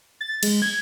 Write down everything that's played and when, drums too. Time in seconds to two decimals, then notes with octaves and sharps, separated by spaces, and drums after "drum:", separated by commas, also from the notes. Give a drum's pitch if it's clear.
0.21 A6
0.43 G#3, drum: cymbal
0.62 G#6